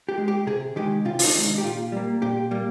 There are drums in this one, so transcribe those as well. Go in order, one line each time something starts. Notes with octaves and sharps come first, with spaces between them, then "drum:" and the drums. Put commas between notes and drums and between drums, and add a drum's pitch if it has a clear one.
G4
G#3
G4
C3 G#4
D#3 G#3 G4
C3 F4
F4, drum: open hi-hat
D#4
D#3 G#3
D#4
G4
A#2 F4
G3 A#3
A#2 G4
G3 A#3